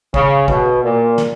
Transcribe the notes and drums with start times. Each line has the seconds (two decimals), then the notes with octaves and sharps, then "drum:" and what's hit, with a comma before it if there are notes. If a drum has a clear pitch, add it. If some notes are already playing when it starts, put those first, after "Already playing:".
0.14 C#3, drum: kick
0.48 B2, drum: kick
0.83 A#2
1.18 drum: snare